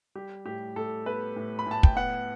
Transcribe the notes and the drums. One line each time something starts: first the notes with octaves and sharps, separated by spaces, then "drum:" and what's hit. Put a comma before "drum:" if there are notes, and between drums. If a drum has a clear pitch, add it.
G3 G4
A2 G4
A2 A4
B3 B4
A2
B5
A2
A5
G5, drum: kick
B3 F#5